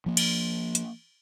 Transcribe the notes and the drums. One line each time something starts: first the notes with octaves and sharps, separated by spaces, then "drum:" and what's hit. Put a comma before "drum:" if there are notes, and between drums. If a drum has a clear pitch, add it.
F3 A#3
drum: cymbal
drum: hi-hat